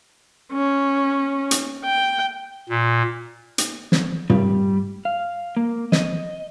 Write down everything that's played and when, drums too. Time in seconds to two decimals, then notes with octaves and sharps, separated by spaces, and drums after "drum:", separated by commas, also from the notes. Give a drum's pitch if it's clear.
0.53 C#4
1.51 drum: hi-hat
1.85 G5
2.69 A#2
3.58 drum: hi-hat
3.92 drum: snare
4.30 G3, drum: tom
5.05 F5
5.57 A#3
5.92 D#5, drum: snare